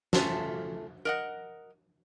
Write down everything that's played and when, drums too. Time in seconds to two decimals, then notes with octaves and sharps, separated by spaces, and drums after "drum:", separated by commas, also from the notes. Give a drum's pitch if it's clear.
0.13 A3 C#4 F4 A4 A5, drum: snare
1.05 A#4 D#5 F#5